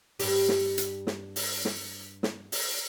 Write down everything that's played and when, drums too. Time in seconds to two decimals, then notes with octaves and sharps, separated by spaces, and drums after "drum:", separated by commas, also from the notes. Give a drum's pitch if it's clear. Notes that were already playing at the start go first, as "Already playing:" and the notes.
0.20 G2 G4, drum: open hi-hat
0.49 drum: snare
0.78 drum: hi-hat
1.07 drum: snare
1.36 drum: open hi-hat
1.65 drum: snare
2.23 drum: snare
2.52 drum: open hi-hat